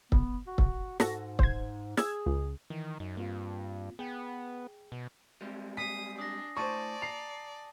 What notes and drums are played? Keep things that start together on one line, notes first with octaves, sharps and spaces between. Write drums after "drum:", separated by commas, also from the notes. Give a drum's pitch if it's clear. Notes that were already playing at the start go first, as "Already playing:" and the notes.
B3, drum: kick
F#4
drum: kick
G#2 F#4 A4 A#6, drum: snare
C5 G#6, drum: kick
G#4 E6 G#6, drum: snare
C#2
D#3 E3
F#2 D#4
G2 A#3 C4 F4
B3 G#4 G5
B2
G3 G#3 C4
G#5 D#6 B6 C7
D4 D#6 A#6
A2 C5 D5 A5 C#6 A6 D#7
A#5 C7